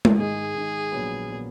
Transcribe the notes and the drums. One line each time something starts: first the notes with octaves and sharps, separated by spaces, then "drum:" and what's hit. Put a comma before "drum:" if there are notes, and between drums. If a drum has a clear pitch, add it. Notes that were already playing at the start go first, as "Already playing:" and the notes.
drum: tom G#3
G#2 D#3 G#3 G#4
G#2 D#3 G#3
A#1 A#2 F#3 B3
A#2 F#3 B3